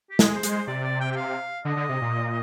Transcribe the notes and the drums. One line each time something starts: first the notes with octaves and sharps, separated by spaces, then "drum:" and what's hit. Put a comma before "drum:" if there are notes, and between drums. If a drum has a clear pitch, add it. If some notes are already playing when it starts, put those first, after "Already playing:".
G4
G#3 G#4, drum: snare
C5
G#3, drum: hi-hat
C5
C3 D5
D5
G5
G5
F5
D3 D#5
D3
C3
A#2